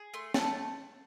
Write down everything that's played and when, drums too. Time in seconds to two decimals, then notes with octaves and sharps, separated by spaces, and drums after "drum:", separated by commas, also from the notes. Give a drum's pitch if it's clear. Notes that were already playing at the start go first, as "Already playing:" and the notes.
Already playing: G#4
0.14 A3 C6
0.34 A3 A5, drum: snare